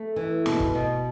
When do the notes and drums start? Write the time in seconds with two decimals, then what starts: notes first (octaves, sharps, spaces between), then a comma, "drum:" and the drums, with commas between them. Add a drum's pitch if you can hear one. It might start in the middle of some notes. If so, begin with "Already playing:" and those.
Already playing: A3
0.16 E3
0.46 B2, drum: snare
0.60 drum: kick
0.75 B2